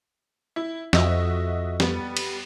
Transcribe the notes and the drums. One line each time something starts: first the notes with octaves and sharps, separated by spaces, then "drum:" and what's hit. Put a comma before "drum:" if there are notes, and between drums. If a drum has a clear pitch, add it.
E4
F2 F#4 D#5 E5, drum: snare
G3 B3, drum: snare
drum: cymbal